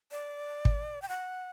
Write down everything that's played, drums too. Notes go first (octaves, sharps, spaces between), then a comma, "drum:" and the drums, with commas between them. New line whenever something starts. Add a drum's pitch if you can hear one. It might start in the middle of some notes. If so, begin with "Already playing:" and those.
D5
drum: kick
G5
F#5